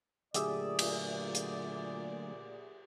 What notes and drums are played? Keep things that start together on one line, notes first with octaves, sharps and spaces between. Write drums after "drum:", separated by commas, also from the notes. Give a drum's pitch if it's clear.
A#2 D3 F#3 A3 G4 G#4 D5 E5, drum: hi-hat
drum: cymbal
drum: hi-hat